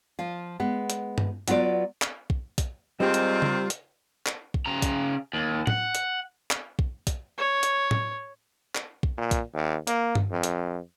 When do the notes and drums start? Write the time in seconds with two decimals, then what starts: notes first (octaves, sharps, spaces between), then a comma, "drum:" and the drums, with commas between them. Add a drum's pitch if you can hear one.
0.19 F3 F4
0.60 G#3 B3
0.90 drum: hi-hat
1.18 drum: tom G2
1.48 F#3 B3 F4 C5 D5, drum: hi-hat
2.02 drum: clap
2.30 drum: kick
2.58 drum: kick, hi-hat
3.00 D#2 C3 G3 G#3 C4 F4 G4
3.14 drum: hi-hat
3.42 drum: tom C#3
3.70 drum: hi-hat
4.26 drum: clap
4.54 drum: kick
4.66 C#3 A#5
4.82 drum: kick, hi-hat
5.33 D#2
5.67 F#5, drum: tom
5.95 drum: hi-hat
6.51 drum: clap
6.79 drum: kick
7.07 drum: kick, hi-hat
7.38 C#5
7.63 drum: hi-hat
7.91 drum: tom
8.75 drum: clap
9.03 drum: kick
9.18 A#2
9.31 drum: kick, hi-hat
9.54 D#2
9.87 A#3, drum: hi-hat
10.15 drum: tom G2
10.31 F2
10.43 drum: hi-hat